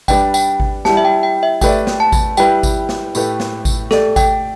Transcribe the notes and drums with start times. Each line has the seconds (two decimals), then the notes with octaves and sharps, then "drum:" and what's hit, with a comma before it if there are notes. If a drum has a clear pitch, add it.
0.08 G3 D4 B4 D5 G5, drum: kick G#1, tambourine
0.34 G5, drum: tambourine
0.60 drum: kick G#1
0.85 G3 E4 G4 A5, drum: snare
0.97 E5
1.05 G5
1.23 G5
1.43 E5
1.61 A3 G4 B4 D5 G5, drum: kick G#1, tambourine
1.87 drum: snare
2.00 A5
2.12 drum: kick G#1, tambourine
2.37 G3 E4 G4 B4 G5, drum: tambourine
2.63 drum: kick G#1, tambourine
2.89 drum: snare
3.15 A2 A3 G4 B4, drum: tambourine
3.40 drum: snare
3.65 drum: kick G#1, tambourine
3.91 A3 G4 A4 D5, drum: snare
4.16 G5, drum: kick G#1, tambourine